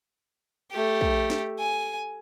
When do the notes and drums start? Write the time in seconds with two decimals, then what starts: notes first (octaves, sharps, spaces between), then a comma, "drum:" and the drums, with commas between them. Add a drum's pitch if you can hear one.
0.71 A3 G4
1.01 drum: kick
1.30 drum: snare
1.59 G#5